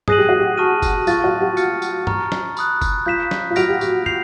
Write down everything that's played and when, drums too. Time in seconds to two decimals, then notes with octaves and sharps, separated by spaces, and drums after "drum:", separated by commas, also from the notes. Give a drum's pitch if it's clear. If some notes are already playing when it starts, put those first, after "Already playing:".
0.08 G#4 D#6 F#6 A#6 D#7 F#7, drum: tom G2
0.18 G4
0.29 F#4
0.39 G4
0.57 A5 C#6 F6 A#6 D#7
0.82 drum: kick F#1, tambourine
1.07 F4 C#6 F6 A6, drum: tambourine
1.24 F#4
1.41 G4
1.57 F6 A6 C#7, drum: tambourine
1.82 drum: tambourine
2.07 A#5 C#6 F6, drum: tom G2
2.32 drum: snare
2.57 B5 D#6 F#6, drum: tambourine
2.81 drum: kick F#1, tambourine
3.06 F4 G6 B6 E7
3.31 drum: snare
3.50 F4
3.56 F#4 F6 A#6 D7 F7, drum: tambourine
3.69 G4
3.81 G4, drum: tambourine
4.06 G6 C7 F7, drum: tom